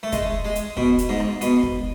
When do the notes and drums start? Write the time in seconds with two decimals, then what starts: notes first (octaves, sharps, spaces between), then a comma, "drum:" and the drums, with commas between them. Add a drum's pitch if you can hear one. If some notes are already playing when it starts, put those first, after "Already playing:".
0.03 A3
0.12 G#3, drum: kick, hi-hat
0.45 G#3
0.55 drum: hi-hat
0.77 B2, drum: kick
0.98 drum: hi-hat
1.09 G#2
1.20 drum: rim click
1.41 B2, drum: hi-hat
1.63 drum: kick